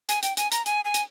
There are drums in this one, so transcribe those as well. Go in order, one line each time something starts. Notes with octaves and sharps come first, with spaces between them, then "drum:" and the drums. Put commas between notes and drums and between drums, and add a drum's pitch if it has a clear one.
G#5, drum: hi-hat
G5, drum: hi-hat
G#5, drum: hi-hat
A#5, drum: hi-hat
G#5, drum: hi-hat
G#5
drum: hi-hat